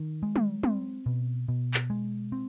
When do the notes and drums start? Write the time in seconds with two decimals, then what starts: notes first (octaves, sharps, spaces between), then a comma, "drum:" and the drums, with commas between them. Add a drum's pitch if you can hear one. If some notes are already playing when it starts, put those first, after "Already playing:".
Already playing: D#3
0.23 G#3
0.36 drum: tom
0.63 C4, drum: tom
1.06 B2
1.48 B2
1.74 drum: clap
1.90 G#3
2.32 C4